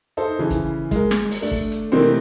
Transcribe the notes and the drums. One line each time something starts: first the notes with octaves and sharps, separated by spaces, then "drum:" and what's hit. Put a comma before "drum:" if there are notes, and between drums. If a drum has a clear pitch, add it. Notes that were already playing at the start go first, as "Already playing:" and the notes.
D#4 A4 C5
C#3 E3
drum: kick, hi-hat
G#3 A#4, drum: kick, hi-hat
drum: snare
drum: open hi-hat
A3 D4
drum: kick
drum: hi-hat
C3 D#3 E3 A3 A#3 C4